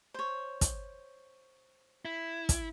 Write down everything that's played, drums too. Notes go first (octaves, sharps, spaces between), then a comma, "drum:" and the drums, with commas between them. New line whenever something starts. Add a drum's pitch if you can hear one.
C5 C#5
drum: kick, hi-hat
E4
drum: kick, hi-hat